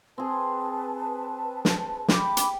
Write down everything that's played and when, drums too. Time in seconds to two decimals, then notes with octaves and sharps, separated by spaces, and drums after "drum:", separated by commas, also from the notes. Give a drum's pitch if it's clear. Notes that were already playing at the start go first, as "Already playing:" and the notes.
0.18 C4 G#4 B4 A5
1.65 drum: snare
2.08 G4 B5 D6, drum: snare
2.37 drum: hi-hat